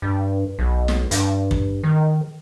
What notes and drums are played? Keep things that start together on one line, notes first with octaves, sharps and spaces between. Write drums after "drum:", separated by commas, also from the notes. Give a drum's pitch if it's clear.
G2
B1
drum: snare
G2, drum: hi-hat
drum: kick
D#3